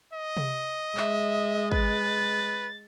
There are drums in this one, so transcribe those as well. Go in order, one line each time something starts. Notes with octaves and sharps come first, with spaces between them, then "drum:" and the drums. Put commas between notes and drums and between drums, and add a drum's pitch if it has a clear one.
D#5
drum: tom C3
G#3 E5, drum: clap
B4 A6, drum: kick